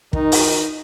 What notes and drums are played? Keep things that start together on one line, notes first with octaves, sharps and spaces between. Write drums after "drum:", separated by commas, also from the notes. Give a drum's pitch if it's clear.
D#3 D#4, drum: kick
drum: open hi-hat